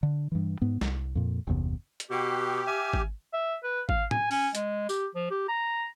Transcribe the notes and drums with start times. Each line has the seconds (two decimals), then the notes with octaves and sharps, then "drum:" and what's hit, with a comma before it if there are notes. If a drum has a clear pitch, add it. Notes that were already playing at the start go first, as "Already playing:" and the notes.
0.03 D3
0.32 G2 E3
0.62 G#2 B3
0.81 C2, drum: snare
1.15 F2 A#2
1.47 F#1 D#2 B2
2.00 drum: hi-hat
2.10 B2 G4
2.67 E5 F5 G#5
2.93 drum: kick G#1
3.33 E5
3.64 B4
3.89 F5, drum: kick G#1
4.11 G#5, drum: tom
4.31 C#4, drum: open hi-hat
4.55 G#3, drum: hi-hat
4.89 G4, drum: tambourine
5.15 F3
5.31 G4
5.49 A#5